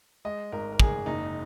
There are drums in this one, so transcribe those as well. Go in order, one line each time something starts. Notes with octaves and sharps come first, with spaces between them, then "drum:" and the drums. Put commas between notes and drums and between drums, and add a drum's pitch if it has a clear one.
G#3 D#5
G#1 A#4
A#4
G#1 G#4, drum: kick
F#1 D#4